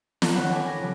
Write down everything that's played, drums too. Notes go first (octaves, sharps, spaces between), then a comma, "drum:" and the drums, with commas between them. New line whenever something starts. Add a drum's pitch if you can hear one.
A4 A6, drum: snare
D#3 C#5 F#5 B5
B4 G5 G#5 D6 G#6
C#4 A#6
C#3 F3 G3